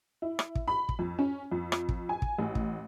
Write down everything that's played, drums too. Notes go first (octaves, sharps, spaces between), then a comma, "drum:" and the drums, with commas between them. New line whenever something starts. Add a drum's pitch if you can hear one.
E4
drum: rim click
drum: kick
B5
drum: kick
F2
C#4
F2
drum: rim click
drum: kick
G#5
drum: kick
A1
drum: kick